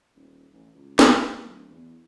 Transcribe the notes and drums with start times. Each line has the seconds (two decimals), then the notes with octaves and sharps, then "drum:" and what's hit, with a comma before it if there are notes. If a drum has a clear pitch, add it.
0.15 D#1
0.53 A1
0.74 C#2
0.99 G#2, drum: snare
1.43 D1
1.70 E2